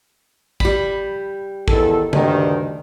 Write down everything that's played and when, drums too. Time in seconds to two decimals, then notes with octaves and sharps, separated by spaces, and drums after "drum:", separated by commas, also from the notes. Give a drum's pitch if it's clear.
0.60 G3 B5, drum: kick
1.68 E2 D#3 A4, drum: kick
2.13 D2 G2 D#3, drum: tom C#3